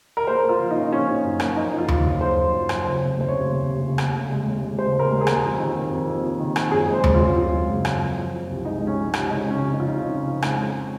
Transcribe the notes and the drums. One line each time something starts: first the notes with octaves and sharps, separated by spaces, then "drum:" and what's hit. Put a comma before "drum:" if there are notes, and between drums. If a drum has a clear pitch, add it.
A#4
A#3 C5
A#3
F4
F3
D#4
C#4
F3 C#4
C#4
F#2
A#3, drum: rim click
F3 D#4
F3
F4
F3, drum: tom D#2
F#2
F3 C5
F3
F#2
F#2, drum: rim click
C#3 C5
F1
D#2 C5
C#3 C#5
D#2
F1
C#3
F1, drum: rim click
C#3
G#3
D#2
G#3
C#3 C5
G#3 A#4
D#2
G#4
D#2, drum: rim click
F2
D#3
A#3
F2
F2
F2
D#3
F2, drum: rim click
F#2 G#4
G#3
C5
G#3, drum: tom D#2
F4
F#2
G#3 F4
G#3
F#1
F#2, drum: rim click
F3
F3
F3
C2
G#3 D#4
G#3
C#4
F3
C3, drum: rim click
G#3 D#4
C#3 C#4
F2
D#4
F2 F4
D#4
C#3
C#3
F2
G#3, drum: rim click
C#4